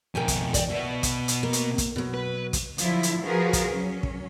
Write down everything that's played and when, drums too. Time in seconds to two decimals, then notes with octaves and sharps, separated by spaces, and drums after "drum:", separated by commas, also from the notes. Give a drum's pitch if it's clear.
0.15 F2 B2 A#4 G5 G#5
0.28 drum: kick, hi-hat
0.54 D5 D#5 G5, drum: kick, hi-hat
0.70 B2 B3 E5
1.03 drum: kick, hi-hat
1.28 drum: hi-hat
1.43 A#3
1.53 drum: hi-hat
1.78 drum: kick, hi-hat
1.96 B2 F#3
2.14 B4
2.53 drum: kick, hi-hat
2.78 D3 F3 F#3 E4, drum: hi-hat
3.03 drum: hi-hat
3.22 F3 F#4 G#4 A#4 B4
3.53 drum: kick, hi-hat
3.70 F#3 C#4
4.03 drum: kick